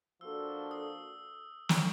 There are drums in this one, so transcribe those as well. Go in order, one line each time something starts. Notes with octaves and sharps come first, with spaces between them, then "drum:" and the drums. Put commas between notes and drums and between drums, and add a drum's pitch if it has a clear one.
F3 A#3 D4 F#4 A4 E6
D#6
C#6, drum: snare